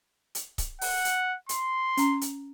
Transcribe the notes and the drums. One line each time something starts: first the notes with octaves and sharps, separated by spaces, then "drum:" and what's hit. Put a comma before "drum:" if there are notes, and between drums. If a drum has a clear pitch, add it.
drum: hi-hat
drum: kick C#1, hi-hat
F#5, drum: open hi-hat
drum: hi-hat
C6, drum: hi-hat
C#4 A#5, drum: hi-hat
drum: hi-hat